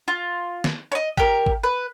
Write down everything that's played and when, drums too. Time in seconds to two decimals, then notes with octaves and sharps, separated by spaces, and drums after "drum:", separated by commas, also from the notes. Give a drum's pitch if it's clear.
0.08 F4
0.64 drum: snare
0.92 C#5 D#5
1.17 G4 A#4, drum: kick
1.46 drum: kick
1.63 B4